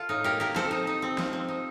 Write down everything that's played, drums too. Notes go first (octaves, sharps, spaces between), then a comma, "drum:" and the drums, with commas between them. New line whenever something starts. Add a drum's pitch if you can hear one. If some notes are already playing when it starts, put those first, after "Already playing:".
Already playing: F4 A4
A2 D#4
A#3 G4 A#4
A#3 G4 A#4
C4 A4 C5, drum: snare
D#4
D#4
C4
F3, drum: snare
C4
D#4